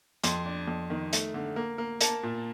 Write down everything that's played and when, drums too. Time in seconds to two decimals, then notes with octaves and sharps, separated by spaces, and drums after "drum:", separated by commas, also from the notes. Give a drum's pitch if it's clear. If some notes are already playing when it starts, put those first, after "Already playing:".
0.23 F2 C6, drum: hi-hat
0.46 D4
0.68 F2
0.90 D#3
1.13 A3, drum: hi-hat
1.34 D3
1.56 A#3
1.78 A#3
2.01 A#3 A5, drum: hi-hat
2.23 A#2